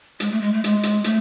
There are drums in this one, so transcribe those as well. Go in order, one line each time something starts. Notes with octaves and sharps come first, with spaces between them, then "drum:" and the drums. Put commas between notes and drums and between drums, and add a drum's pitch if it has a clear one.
G#3, drum: hi-hat
A3
G#3
A3
G#3, drum: hi-hat
drum: hi-hat
A3, drum: hi-hat